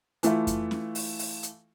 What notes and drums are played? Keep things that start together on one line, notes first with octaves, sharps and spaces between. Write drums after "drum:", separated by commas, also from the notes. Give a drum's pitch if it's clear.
E3 A3 E4 F4, drum: hi-hat
drum: kick F2, hi-hat
drum: snare
drum: open hi-hat
drum: open hi-hat
drum: hi-hat